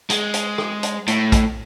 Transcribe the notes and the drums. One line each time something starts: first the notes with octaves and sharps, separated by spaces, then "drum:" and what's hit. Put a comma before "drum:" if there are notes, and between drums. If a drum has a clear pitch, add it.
G#3, drum: hi-hat
drum: hi-hat
drum: rim click
drum: hi-hat
A2, drum: hi-hat
drum: kick, hi-hat